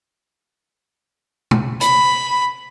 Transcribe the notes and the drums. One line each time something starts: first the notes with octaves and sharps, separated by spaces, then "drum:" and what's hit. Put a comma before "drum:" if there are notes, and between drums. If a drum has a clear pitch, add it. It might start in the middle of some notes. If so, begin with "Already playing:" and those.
drum: tom
B5, drum: hi-hat